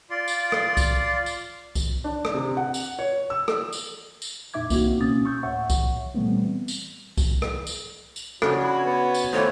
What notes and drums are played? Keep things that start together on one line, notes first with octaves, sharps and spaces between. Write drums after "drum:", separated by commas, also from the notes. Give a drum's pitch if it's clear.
F4 D5 C6
drum: tambourine
drum: rim click
drum: kick C2, tambourine
drum: tambourine
drum: kick C2, tambourine
D4
drum: rim click
C3
F#5
drum: tambourine
C#5
E6
drum: rim click
drum: tambourine
drum: tambourine
F2 A#2 D#4 E5 D6 G#6
A#3 C4 D#4 E4 F#4, drum: kick C2, tambourine
C#2 B2 A#3 C#4 D#6 A6
C#6 E6 G6
D2 A2 C#5 E5 F#5 C#6
drum: kick C2, tambourine
A#2 E3 G3 A3 B3 C4
drum: tambourine
drum: kick C2, tambourine
drum: rim click
drum: tambourine
drum: tambourine
F2 C#3 D4 F#4 C#5 G5, drum: rim click
E4
B3
drum: tambourine
D#3 E3 A3 E4 F4 C5 C#5